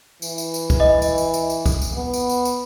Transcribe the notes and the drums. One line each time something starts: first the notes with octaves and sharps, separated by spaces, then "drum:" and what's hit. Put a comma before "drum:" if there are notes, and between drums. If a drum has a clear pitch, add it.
E3, drum: tambourine
drum: tambourine
drum: tambourine
drum: kick, tambourine
D#5
drum: tambourine
drum: tambourine
drum: tambourine
drum: tambourine
drum: kick, tambourine
drum: tambourine
B3
drum: tambourine
drum: tambourine
drum: tambourine